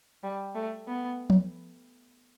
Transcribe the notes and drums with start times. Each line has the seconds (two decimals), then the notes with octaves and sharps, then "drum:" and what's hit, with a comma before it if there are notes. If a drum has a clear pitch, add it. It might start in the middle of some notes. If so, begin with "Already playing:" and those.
0.23 G3
0.55 A3
0.88 B3
1.30 drum: tom F3